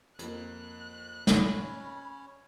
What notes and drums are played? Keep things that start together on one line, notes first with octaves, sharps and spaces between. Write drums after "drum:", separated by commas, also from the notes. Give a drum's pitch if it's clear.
F2 A#3 F#6, drum: hi-hat
C#4 C#5 B5, drum: snare